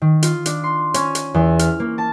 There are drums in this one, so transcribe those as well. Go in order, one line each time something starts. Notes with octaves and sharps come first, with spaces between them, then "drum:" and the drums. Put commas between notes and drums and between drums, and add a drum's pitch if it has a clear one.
D#3
F4, drum: hi-hat
D4, drum: hi-hat
C6
C#4, drum: hi-hat
drum: hi-hat
E2
F6, drum: hi-hat
A#3
A5